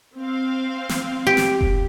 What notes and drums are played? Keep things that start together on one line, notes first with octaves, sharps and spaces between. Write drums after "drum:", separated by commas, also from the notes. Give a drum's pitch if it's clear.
C4 F5
drum: snare
G4
drum: snare
drum: kick F1